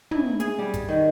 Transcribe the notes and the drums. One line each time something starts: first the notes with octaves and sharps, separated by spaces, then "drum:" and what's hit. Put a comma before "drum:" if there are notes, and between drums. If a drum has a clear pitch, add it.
E4, drum: tom
G#4, drum: hi-hat
G3
drum: kick, hi-hat
D#3